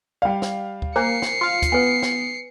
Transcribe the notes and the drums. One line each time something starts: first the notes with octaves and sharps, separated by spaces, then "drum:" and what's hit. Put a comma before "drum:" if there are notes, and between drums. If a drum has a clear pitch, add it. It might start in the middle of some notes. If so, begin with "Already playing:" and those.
G3 D5 F5 G5
drum: snare
drum: kick D2
A#3 C5 G#5 C7 C#7
drum: snare
F4 F5
drum: kick D2, hi-hat
B3 B4 G#5
drum: snare